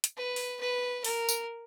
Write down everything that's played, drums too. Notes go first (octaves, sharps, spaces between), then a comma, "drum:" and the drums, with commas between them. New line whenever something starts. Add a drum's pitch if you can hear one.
drum: hi-hat
B4
drum: open hi-hat
B4
A#4, drum: open hi-hat
drum: tambourine